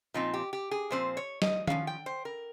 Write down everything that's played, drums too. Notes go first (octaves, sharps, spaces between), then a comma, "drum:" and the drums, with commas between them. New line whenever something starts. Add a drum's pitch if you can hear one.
A#2 F3 C4 D#4
G4
G4
G#4
A#2 F3 C4 C5
C#5
D#5, drum: snare
F3 A#3 C#4 F5, drum: tom
G5
C5
A#4